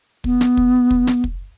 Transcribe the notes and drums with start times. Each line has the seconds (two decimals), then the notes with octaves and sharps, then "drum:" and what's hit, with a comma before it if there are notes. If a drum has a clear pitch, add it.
0.24 B3, drum: kick
0.41 drum: snare
0.57 drum: kick
0.91 drum: kick
1.07 drum: snare
1.24 drum: kick